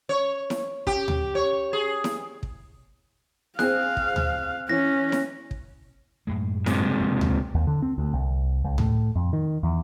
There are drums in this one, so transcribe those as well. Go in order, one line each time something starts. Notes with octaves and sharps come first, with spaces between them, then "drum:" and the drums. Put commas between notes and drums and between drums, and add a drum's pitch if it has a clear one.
C#5
drum: snare E4
G4, drum: kick
drum: tom D2
C#5
G#4
drum: snare E4
drum: kick
C4 G#4 F5 F#6, drum: snare E4
drum: kick
drum: tom D2
E3 C#4 A#6
drum: snare E4
drum: kick
F#2 A2 G#3
G#2 C3, drum: snare E4
C#3 G3
E1 C#3
C#2, drum: tom D2
D#2
D3
C4
D2
C2
C#2
A2, drum: tom D2
F2
D#3
E2